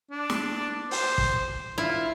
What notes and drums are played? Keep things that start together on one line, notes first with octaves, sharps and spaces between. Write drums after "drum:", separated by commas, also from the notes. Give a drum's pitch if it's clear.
D4
drum: snare
C5, drum: open hi-hat
drum: kick
E4 F4